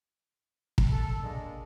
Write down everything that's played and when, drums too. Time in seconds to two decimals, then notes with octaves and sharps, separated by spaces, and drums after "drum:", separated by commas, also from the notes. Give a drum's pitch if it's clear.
0.78 drum: kick
0.91 A4
1.23 G#3 A#3 D4